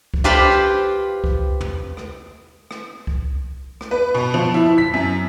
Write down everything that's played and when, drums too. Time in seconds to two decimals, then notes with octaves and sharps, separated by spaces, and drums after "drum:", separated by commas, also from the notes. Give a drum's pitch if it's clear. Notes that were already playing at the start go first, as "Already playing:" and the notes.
0.14 drum: kick C2
0.24 F4 G4 B4 C5 G5 B5
0.50 drum: rim click
1.24 drum: kick C2
1.60 drum: tom
1.97 drum: rim click
2.71 drum: rim click
3.07 drum: kick C2
3.81 drum: rim click
3.91 B4
4.14 B2
4.34 F3
4.54 E4
4.78 B6
4.94 F#2